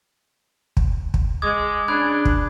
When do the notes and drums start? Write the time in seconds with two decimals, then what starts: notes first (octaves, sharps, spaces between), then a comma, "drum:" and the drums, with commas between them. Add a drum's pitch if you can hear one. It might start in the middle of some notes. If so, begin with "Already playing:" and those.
0.77 drum: kick
1.14 drum: kick
1.42 G#3 D6 D#6 G#6
1.88 C#3 D4 B5 F#6 G#6
2.25 drum: kick